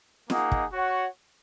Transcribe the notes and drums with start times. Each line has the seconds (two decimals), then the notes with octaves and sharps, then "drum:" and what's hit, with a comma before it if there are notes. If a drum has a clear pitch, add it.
0.30 A#3 D#4 G#4 D#5 F#5, drum: snare
0.52 drum: kick
0.72 F#4 C#5 F#5